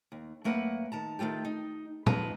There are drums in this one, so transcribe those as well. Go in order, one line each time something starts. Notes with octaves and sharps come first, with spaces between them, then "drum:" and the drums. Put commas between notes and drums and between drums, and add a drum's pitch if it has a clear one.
D#2
F#2 A3 A#3 B4 F#5
D#3 A5 A#5
D#3 F#3 A3 F4 G4
D#4
G#2 F3 B4 D#5 A#5, drum: tom